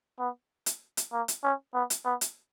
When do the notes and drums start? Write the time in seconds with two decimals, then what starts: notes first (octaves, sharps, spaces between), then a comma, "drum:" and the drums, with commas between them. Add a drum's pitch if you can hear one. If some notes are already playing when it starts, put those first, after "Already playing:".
0.20 B3
0.66 drum: hi-hat
0.97 drum: hi-hat
1.13 A#3
1.28 drum: hi-hat
1.44 C#4
1.74 B3
1.90 drum: hi-hat
2.05 B3
2.21 drum: hi-hat